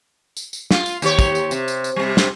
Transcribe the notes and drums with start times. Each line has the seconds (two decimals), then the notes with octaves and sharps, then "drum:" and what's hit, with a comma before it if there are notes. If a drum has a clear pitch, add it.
0.37 drum: tambourine
0.53 drum: tambourine
0.71 F4, drum: snare
0.86 drum: tambourine
1.02 D#2 G4 C#5, drum: tambourine
1.19 drum: kick, tambourine
1.35 drum: tambourine
1.51 C3, drum: tambourine
1.68 drum: tambourine
1.84 drum: tambourine
1.96 C3 G3
2.17 drum: snare